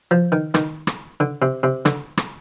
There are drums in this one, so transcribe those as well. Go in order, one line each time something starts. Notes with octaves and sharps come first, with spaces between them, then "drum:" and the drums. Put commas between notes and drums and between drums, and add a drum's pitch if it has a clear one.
F3
D#3
D#3, drum: rim click
drum: rim click
D3
C3
C3
D3, drum: rim click
drum: rim click